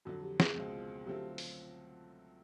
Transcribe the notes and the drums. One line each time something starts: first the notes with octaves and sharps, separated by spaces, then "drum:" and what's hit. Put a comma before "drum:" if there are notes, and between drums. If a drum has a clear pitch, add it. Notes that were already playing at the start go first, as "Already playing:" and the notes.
F2 D3 F#3 F#4
G4
G#4, drum: snare
C#2 B2 G#3 C4 F4
D3 F#3 A3 C4 F4 G4
drum: open hi-hat